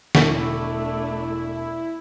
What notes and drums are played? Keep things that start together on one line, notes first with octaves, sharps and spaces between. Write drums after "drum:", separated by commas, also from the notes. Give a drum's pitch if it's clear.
E1 A3 D4 E4 C#6 B6, drum: snare